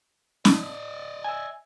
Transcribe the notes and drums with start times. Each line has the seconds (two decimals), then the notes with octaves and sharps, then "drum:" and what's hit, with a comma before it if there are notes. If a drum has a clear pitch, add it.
0.45 D5 D#5, drum: snare C#4
1.24 E5 G#5